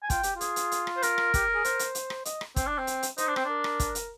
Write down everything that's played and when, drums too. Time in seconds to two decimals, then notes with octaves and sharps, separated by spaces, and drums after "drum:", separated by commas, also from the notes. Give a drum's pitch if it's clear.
0.03 G#5
0.10 F4 G5, drum: kick, hi-hat
0.23 G4, drum: hi-hat
0.36 F4
0.41 G#4, drum: hi-hat
0.56 drum: hi-hat
0.72 drum: hi-hat
0.87 drum: rim click
0.97 C5
1.02 A#4, drum: hi-hat
1.18 drum: rim click
1.34 G4, drum: kick, hi-hat
1.54 G#4
1.65 C5, drum: hi-hat
1.79 drum: hi-hat
1.95 drum: hi-hat
2.10 drum: rim click
2.25 D#5, drum: hi-hat
2.41 drum: rim click
2.56 C4, drum: kick, hi-hat
2.67 D4
2.78 C4
2.87 drum: hi-hat
3.03 drum: hi-hat
3.18 D#4 C5, drum: hi-hat
3.27 D4
3.36 C4, drum: rim click
3.45 D4 A#4
3.64 drum: rim click
3.80 drum: kick, hi-hat
3.95 drum: hi-hat